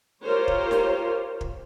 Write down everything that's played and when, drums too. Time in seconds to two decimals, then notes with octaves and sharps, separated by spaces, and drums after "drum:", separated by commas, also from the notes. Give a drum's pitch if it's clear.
0.24 F4 G4 A#4 C5 C#5
0.48 drum: kick
0.71 drum: snare
1.41 drum: kick